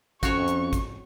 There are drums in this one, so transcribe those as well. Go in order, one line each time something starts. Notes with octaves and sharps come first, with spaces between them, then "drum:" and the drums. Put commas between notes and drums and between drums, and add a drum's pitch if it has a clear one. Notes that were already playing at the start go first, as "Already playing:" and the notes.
F2 C#4 F#4 C#5 C#6, drum: kick, hi-hat
drum: hi-hat
drum: kick, hi-hat